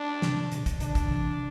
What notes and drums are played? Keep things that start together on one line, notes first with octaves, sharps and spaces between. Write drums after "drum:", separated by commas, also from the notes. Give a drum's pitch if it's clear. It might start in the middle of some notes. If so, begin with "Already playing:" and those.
Already playing: D4
C3 E3, drum: snare
E3
B2 D3, drum: hi-hat
drum: kick, hi-hat
B2 D3 D4, drum: hi-hat
drum: kick, hi-hat
D3
C3 E3